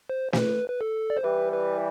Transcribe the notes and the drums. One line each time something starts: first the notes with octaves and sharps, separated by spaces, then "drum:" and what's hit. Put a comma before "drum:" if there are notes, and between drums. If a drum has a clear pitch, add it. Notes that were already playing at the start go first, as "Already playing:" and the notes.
C5
C5, drum: snare
B4
B4
A4
D5
C5
E3 G3 B4
B4